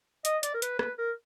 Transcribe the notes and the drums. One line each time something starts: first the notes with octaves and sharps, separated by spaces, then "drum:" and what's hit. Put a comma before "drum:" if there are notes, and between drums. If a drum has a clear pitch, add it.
D#5, drum: hi-hat
D5, drum: hi-hat
A#4
B4, drum: hi-hat
B4, drum: rim click
A#4